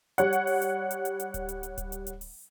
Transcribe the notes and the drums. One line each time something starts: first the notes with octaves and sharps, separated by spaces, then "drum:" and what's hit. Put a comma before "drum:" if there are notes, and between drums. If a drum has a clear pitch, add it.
G3 C#5 F#5, drum: hi-hat
drum: hi-hat
drum: open hi-hat
drum: hi-hat
drum: hi-hat
drum: hi-hat
drum: hi-hat
drum: kick D1, hi-hat
drum: hi-hat
drum: hi-hat
drum: kick D1, hi-hat
drum: hi-hat
drum: hi-hat
drum: open hi-hat